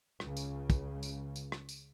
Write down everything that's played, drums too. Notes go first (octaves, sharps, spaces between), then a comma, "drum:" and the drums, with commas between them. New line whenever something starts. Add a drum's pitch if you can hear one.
C#2 C#3, drum: rim click
drum: tambourine
drum: kick, tambourine
drum: tambourine
drum: tambourine
drum: rim click
drum: tambourine